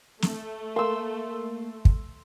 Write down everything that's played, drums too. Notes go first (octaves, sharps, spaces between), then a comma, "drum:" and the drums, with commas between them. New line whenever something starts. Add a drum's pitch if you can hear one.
A3, drum: snare
A#3 C6 E6
drum: kick